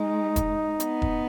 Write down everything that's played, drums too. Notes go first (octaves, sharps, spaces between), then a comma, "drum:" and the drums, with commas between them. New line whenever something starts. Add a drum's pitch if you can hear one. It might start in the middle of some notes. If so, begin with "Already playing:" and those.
Already playing: G#3 D#4
drum: kick E1, hi-hat
B3, drum: hi-hat
drum: kick E1